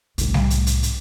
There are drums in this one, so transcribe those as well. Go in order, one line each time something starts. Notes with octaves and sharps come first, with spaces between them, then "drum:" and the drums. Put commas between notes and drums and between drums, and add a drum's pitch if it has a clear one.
C2 A2, drum: hi-hat
drum: snare G3
drum: hi-hat
drum: hi-hat
drum: hi-hat